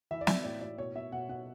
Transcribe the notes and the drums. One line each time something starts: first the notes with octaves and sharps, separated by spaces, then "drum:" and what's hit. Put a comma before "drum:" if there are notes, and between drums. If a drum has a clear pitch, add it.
E3 E5
D5
E3 E5, drum: snare
A2 D5
A2 D5
B2 C#5
B2 E5
B2 F#5
B2 F#5